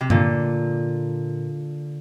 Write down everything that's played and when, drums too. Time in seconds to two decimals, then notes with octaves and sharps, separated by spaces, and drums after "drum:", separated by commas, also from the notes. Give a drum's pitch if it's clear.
0.01 C3
0.10 A#2 D3, drum: tom G2